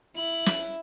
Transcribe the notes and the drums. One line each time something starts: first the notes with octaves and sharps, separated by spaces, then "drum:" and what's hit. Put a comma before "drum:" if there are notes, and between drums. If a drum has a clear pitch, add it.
E4 F#7
drum: snare